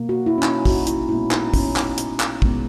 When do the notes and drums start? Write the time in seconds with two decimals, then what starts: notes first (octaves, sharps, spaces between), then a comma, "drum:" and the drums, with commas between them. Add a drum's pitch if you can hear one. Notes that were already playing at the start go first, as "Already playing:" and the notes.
Already playing: B2 A#3
0.09 F#4
0.26 E4
0.38 C#4
0.43 D#4, drum: clap
0.65 F#4, drum: kick, open hi-hat
0.87 E4, drum: hi-hat
1.09 A#2 G#3 B3 E4
1.31 D#4, drum: clap
1.54 C#4, drum: kick, open hi-hat
1.76 D#4, drum: clap
1.98 drum: hi-hat
2.20 drum: clap
2.42 B2 G#3 B3, drum: kick